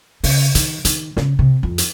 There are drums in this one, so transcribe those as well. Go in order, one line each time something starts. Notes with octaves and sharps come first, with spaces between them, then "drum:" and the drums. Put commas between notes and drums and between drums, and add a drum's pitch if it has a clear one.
C#3, drum: open hi-hat
D#3, drum: hi-hat
D#3, drum: hi-hat
C#3, drum: snare
C3
F2
drum: hi-hat